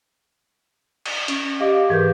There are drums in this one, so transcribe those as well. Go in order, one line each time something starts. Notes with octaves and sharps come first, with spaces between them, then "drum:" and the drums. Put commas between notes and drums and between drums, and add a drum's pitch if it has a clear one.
drum: cymbal
C#4, drum: hi-hat
G4 D#5 F5 D6
G#2 E3 A#4 B4 G6